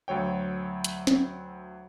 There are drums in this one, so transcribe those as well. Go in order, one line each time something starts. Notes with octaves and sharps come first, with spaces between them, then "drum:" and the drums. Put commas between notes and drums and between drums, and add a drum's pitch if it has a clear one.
D2 F#3 C#5 G5
drum: hi-hat
drum: snare